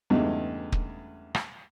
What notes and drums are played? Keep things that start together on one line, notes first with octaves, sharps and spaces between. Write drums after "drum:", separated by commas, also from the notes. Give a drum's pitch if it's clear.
E2 G2 C#3 G#3 A3 D#4
drum: kick
drum: rim click